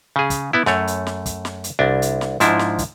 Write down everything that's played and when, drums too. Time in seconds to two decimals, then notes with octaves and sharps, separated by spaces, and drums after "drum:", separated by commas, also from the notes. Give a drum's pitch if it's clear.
0.16 C#3 G#4
0.30 drum: kick, hi-hat
0.53 B3 E4
0.66 F#2 A3 C#5, drum: snare
0.87 drum: hi-hat
1.07 drum: snare
1.26 drum: kick, hi-hat
1.45 drum: snare
1.64 drum: hi-hat
1.79 C2 D4
2.02 drum: hi-hat
2.21 drum: snare
2.40 G#2 F3 D4 E4, drum: hi-hat
2.59 drum: snare
2.78 drum: kick, hi-hat